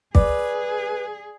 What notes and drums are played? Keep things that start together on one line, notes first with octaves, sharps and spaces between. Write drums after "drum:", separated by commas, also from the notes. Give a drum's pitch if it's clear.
G#4 B4 D5 D6, drum: kick